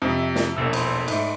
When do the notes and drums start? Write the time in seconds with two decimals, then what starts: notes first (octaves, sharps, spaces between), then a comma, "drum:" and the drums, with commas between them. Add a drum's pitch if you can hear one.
0.02 F2 C3
0.18 E5
0.35 drum: snare
0.56 E1 A#1 E6
0.73 B4 C5, drum: cymbal
1.08 G#2 A3 D5 D#5, drum: cymbal